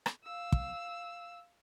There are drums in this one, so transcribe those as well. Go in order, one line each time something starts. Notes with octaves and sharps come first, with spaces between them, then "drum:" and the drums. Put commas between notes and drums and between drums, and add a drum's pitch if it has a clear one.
drum: rim click
F5 E6
drum: kick